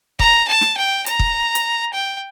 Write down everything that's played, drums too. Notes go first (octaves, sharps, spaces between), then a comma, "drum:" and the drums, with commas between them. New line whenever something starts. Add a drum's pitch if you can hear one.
A#5, drum: kick
A5
drum: snare
G5
A#5, drum: hi-hat
drum: kick
drum: hi-hat
G5